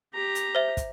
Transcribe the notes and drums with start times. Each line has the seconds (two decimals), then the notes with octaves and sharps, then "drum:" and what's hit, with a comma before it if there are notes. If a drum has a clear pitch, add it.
0.14 G4 A#5
0.35 drum: hi-hat
0.55 C5 E5
0.77 drum: kick, hi-hat